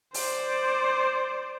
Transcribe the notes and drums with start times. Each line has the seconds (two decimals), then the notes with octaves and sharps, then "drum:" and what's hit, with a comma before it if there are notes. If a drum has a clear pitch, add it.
0.14 C5 D5, drum: open hi-hat